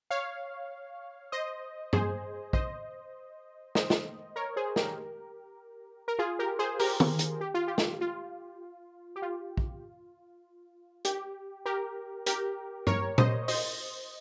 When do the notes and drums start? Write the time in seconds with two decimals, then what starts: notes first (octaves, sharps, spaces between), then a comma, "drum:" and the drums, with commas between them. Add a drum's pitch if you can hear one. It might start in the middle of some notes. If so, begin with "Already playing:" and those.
0.10 C#5 F5
1.32 C5 D#5
1.93 G#4 C5, drum: tom G2
2.53 C5 D#5, drum: kick
3.75 C5 D#5, drum: snare
3.90 drum: snare
4.36 A#4 C#5
4.56 G#4 C5
4.76 G4 A#4, drum: snare
6.08 A#4
6.19 F4 G#4
6.39 G4 A#4
6.59 G#4 C5
6.80 G4 A#4, drum: open hi-hat
7.00 drum: tom D#3
7.19 drum: hi-hat
7.41 G4
7.54 F4
7.68 G4
7.78 drum: snare
8.01 F4
9.16 G4
9.22 F4
9.57 drum: kick
11.05 G4, drum: hi-hat
11.66 G4 A#4
12.26 G4 A#4, drum: hi-hat
12.87 A#4 C#5, drum: tom G2
13.18 C5 D#5, drum: tom A#2
13.48 C5 D#5, drum: open hi-hat